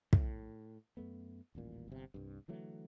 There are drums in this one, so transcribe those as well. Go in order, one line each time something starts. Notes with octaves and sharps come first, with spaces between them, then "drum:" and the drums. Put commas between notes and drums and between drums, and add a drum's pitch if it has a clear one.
A2, drum: kick
F#2 A3 B3
D#1 A1 A#2
G1 C3
C2 G2
D3 E3 F#3 A3